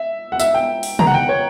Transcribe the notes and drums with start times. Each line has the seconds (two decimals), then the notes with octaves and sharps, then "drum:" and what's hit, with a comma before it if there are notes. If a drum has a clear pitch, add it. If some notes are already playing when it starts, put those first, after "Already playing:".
Already playing: E5
0.32 F#5
0.40 E5, drum: tambourine
0.54 G5
0.83 drum: open hi-hat
0.99 A#5, drum: tom
1.07 F#5
1.14 G5
1.29 C#5